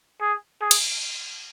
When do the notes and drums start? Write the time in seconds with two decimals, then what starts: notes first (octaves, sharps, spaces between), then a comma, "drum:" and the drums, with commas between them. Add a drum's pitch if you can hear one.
0.21 G#4
0.61 G#4
0.71 drum: cymbal